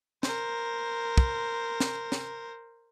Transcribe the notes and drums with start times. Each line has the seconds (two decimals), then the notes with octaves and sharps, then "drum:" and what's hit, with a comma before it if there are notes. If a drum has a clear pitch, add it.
0.23 A#4 C5, drum: snare
1.18 drum: kick
1.80 drum: snare
2.12 drum: snare